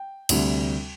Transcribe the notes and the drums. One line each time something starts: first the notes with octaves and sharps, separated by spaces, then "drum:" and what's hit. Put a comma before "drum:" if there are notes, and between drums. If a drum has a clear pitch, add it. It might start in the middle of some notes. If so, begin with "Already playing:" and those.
Already playing: G5
D2 C3 G3, drum: cymbal